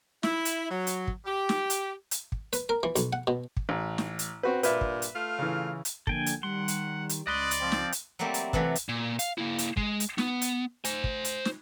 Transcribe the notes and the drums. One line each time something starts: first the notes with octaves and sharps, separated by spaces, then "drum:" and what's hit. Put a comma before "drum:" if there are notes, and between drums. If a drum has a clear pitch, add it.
E4, drum: snare
drum: hi-hat
F#3
drum: hi-hat
drum: kick
G4
drum: snare
drum: hi-hat
drum: hi-hat
drum: kick
B4, drum: hi-hat
A#4
E3
B1, drum: hi-hat
F#5
B2
drum: kick
A1
drum: snare
drum: hi-hat
C4 F#4 B4
G2 A#2 B4 E5, drum: hi-hat
drum: kick
drum: hi-hat
A3 F4 F5
C#3 E3
drum: hi-hat
D3 F3 A#3 A4 G5 G#5, drum: kick
drum: hi-hat
D#3 G3 F#5 C6
drum: hi-hat
drum: hi-hat
C#2 D5 D#5 B5 C6 D#6 F#6
drum: hi-hat
F3 C4
drum: snare
drum: hi-hat
F#3 G3 A3 A#3 C4
drum: hi-hat
C3 E3 F#3 A3, drum: kick
drum: hi-hat
A#2
F5, drum: hi-hat
A#3 E4
drum: hi-hat
G#3, drum: kick
drum: hi-hat
B3, drum: snare
drum: hi-hat
C5 G#5, drum: hi-hat
drum: kick
drum: hi-hat
drum: snare